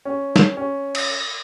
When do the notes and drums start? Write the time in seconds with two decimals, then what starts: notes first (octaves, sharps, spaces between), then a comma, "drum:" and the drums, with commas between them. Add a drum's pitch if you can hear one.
0.05 C#4
0.36 drum: snare
0.57 C#4
0.95 drum: cymbal